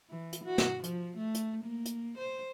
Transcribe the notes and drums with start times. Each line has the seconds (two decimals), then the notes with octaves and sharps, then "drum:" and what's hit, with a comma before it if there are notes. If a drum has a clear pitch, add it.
0.10 E3
0.33 drum: hi-hat
0.44 F#4
0.58 drum: snare
0.83 F3, drum: hi-hat
1.17 A3
1.34 drum: hi-hat
1.63 A#3
1.85 drum: hi-hat
2.18 C5